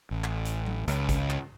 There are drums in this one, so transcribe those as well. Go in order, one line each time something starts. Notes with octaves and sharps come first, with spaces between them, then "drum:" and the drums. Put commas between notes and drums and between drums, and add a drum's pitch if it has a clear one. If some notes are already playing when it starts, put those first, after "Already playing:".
A1
drum: clap
drum: hi-hat
drum: tom F#3
C#2, drum: hi-hat
drum: kick G#1, hi-hat
drum: clap